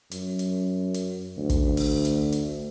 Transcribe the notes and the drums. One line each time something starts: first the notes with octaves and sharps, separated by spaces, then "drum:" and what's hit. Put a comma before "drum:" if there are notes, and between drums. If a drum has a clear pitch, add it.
F#2, drum: hi-hat
drum: hi-hat
drum: hi-hat
D2
drum: kick, hi-hat
drum: open hi-hat
drum: hi-hat
drum: hi-hat